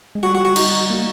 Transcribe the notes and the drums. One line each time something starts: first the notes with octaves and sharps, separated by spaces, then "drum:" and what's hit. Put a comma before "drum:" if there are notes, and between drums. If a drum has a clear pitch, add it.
G#3
G3 F#4
F#4
F#4
D#4, drum: cymbal
A#3